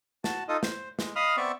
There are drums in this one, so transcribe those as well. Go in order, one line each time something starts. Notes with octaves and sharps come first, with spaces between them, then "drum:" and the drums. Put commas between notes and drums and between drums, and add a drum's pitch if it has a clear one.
F#4 A5, drum: snare
D#4 F4 A4 D#5
C5, drum: snare
G#3, drum: snare
D#5 F5 B5 D#6 F6
B3 C4 D5 E5 C#6